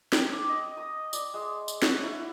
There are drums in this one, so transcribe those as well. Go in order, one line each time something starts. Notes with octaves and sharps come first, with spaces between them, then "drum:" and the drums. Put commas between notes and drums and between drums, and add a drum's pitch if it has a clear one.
G5, drum: snare
D6
D#5
D#6
D5, drum: tambourine
G#3
drum: tambourine
F#4, drum: snare
E4